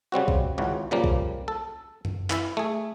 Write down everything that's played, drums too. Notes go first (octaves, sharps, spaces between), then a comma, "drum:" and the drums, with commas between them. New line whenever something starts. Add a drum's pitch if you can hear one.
C#3 G3 C4 F#4
drum: kick B1
G#1 C#2 C#3 E3 F#4
A#2 C#3 F3 G3 A#3
drum: kick B1
A4
drum: tom F#2
E3 E4 E5, drum: clap
A3 G#4